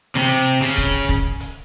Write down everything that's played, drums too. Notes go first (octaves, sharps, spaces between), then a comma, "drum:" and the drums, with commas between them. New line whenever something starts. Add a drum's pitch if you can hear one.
C3, drum: snare
C#3
drum: kick, hi-hat
drum: kick, hi-hat
drum: hi-hat